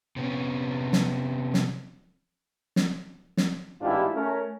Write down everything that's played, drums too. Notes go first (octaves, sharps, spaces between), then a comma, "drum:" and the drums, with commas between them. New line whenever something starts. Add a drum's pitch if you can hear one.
C3 B3 C#4
drum: snare
drum: snare
drum: snare
drum: snare
A1 G#2 D4 E4 F4 G4
A3 C#4 A#4